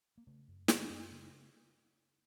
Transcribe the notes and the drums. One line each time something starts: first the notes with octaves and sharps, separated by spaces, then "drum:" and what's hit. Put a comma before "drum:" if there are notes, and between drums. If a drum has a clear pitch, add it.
A#3
C#3 A3
F#2
C#3, drum: snare
F#2
C#3